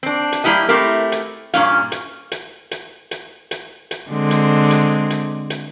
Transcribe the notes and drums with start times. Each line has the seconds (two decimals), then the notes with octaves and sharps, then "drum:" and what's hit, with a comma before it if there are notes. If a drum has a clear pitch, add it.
0.03 C4 D4
0.32 drum: hi-hat
0.44 G3 A#3 E4 G4 D#5
0.68 A3 C4 E4 G4 A#4
1.12 drum: hi-hat
1.54 G2 A#2 C#4 F5, drum: hi-hat
1.92 drum: hi-hat
2.32 drum: hi-hat
2.71 drum: hi-hat
3.11 drum: hi-hat
3.51 drum: hi-hat
3.91 drum: hi-hat
4.11 D3 G#3 C4
4.31 drum: hi-hat
4.71 drum: hi-hat
5.10 drum: hi-hat
5.50 drum: hi-hat